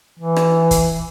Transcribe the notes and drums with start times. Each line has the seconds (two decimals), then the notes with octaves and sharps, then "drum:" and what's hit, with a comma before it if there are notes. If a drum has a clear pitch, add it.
0.19 E3
0.36 drum: rim click
0.71 drum: kick, hi-hat